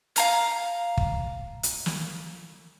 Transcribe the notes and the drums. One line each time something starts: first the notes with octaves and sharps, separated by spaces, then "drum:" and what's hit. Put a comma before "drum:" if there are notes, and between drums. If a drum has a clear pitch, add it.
F5 A#5 F6, drum: hi-hat
drum: kick
drum: hi-hat
drum: snare